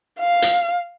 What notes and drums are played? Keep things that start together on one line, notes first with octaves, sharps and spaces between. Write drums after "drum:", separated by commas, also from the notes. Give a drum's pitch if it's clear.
F5
drum: hi-hat